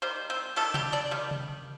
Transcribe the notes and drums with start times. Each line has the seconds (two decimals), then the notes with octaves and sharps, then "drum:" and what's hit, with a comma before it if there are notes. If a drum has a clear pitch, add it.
0.02 D#3 G3 C5
0.30 C4 C5
0.56 D#3 G3 A3 A4, drum: cymbal
0.74 G3 G4, drum: tom C3
0.92 D4 D5
1.11 D#3 G3
1.31 drum: tom C3